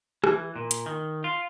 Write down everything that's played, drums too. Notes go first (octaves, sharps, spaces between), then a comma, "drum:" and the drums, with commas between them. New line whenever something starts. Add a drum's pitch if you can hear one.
E3, drum: rim click
A#2
drum: hi-hat
D#3
F4